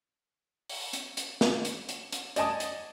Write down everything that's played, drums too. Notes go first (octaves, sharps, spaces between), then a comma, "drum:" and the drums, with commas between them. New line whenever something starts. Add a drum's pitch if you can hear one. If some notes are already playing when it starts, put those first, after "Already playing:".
drum: open hi-hat
drum: hi-hat
drum: hi-hat
drum: snare
drum: hi-hat
drum: hi-hat
drum: hi-hat
D5 D#5 G#5 A5 D#6, drum: hi-hat
drum: hi-hat